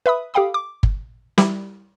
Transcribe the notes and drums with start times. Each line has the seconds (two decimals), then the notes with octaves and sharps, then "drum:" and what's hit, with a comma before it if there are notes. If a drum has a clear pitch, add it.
0.06 B4 E5 B5 D#6
0.34 G4 A4 F5 G5 B5 D#6
0.54 D6
0.83 drum: kick G1
1.38 G3 E4 G4, drum: snare